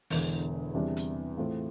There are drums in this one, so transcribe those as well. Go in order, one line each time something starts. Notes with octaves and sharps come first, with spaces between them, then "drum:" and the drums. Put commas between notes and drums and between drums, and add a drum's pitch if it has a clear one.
E1 E2 D3, drum: open hi-hat
E2 C3 G3 D4
drum: hi-hat
A2 E3 A3 C4 F4